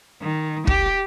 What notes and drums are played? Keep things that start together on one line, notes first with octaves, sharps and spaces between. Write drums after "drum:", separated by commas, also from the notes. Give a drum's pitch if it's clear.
D#3
G4, drum: kick